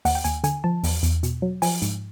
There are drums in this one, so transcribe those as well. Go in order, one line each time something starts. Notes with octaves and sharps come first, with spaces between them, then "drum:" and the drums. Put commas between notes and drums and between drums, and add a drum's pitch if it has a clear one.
D#2 F#5, drum: open hi-hat
G5
D#2 G#5, drum: hi-hat
D3 G#5, drum: hi-hat
F3 A5
E2, drum: open hi-hat
E2, drum: hi-hat
B2, drum: hi-hat
F#3
F3 G#5, drum: open hi-hat
G#2, drum: hi-hat